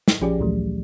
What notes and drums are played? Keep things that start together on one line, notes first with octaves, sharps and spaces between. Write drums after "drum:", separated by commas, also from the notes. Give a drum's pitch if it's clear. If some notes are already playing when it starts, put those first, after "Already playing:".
drum: snare
A#1 F3 C#4 G4 G#4 D5
D2 A#2 E3 F#3 A3